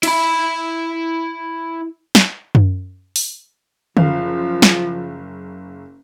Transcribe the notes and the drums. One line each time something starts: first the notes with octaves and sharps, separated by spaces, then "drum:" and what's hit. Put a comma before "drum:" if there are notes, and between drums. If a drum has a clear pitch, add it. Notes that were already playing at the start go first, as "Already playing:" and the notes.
E4 B5, drum: cymbal
drum: snare
drum: tom F#2
drum: open hi-hat
F#1 F3 F5, drum: tom D3
drum: snare